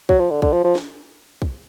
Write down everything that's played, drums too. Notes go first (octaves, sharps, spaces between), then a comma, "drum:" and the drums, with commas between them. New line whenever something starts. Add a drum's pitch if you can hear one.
F#3, drum: kick
F3
D3
D3, drum: kick
F3
F3
drum: snare
drum: kick